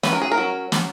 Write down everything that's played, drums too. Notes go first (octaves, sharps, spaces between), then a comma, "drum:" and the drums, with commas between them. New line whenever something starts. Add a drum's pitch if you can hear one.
F#3 C#4 B4, drum: snare
A#4
G#4
A#4
F#3 C#4
F#3 C#4, drum: snare